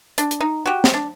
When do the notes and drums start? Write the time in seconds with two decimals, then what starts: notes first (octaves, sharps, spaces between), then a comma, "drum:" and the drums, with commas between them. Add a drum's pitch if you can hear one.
0.18 D4, drum: hi-hat
0.31 drum: hi-hat
0.41 D#4
0.66 F#4 G4
0.84 drum: snare
0.94 D4